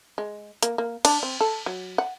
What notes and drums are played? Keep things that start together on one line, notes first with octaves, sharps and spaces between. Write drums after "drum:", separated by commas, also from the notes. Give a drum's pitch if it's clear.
G#3
A#3, drum: hi-hat
A#3
D4, drum: cymbal
C4
A4
F#3
F#5